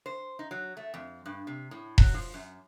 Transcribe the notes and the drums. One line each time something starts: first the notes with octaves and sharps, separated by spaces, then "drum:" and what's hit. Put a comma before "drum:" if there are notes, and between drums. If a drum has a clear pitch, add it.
C5
D#4
F#3
A3
F2
G2
C3
A2
F#3, drum: kick E1
F3
F#2